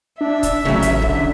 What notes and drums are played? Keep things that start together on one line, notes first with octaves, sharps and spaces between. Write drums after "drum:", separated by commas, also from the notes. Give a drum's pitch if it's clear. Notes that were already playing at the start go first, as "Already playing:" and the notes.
D4 E5
drum: kick C#1, hi-hat
A1 C#3 F#3
drum: hi-hat
D3, drum: kick C#1